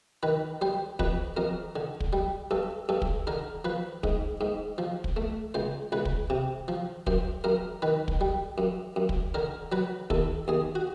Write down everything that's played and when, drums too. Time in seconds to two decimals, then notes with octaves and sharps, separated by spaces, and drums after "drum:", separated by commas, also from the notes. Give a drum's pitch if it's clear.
0.23 D#3 B4
0.61 G3 C5
0.99 F2 B4, drum: kick
1.37 F2 A#4
1.76 D3
2.00 drum: kick
2.13 G3
2.51 G2 A4
2.89 G2 A4
3.02 drum: kick
3.27 D3 A#4
3.65 F3 B4
4.03 G#2, drum: kick
4.41 G#2
4.78 F3
5.04 drum: kick
5.17 A3
5.54 C#2 C5
5.92 C#2 B4
6.05 drum: kick
6.30 C3
6.68 F3
7.07 F#2 C5, drum: kick
7.44 F#2 A#4
7.82 D#3 B4
8.08 drum: kick
8.21 G3
8.58 F#2
8.96 F#2
9.09 drum: kick
9.34 D3 A#4
9.72 F#3 B4
10.10 D#2 A4, drum: kick
10.48 D#2 G#4
10.75 F#4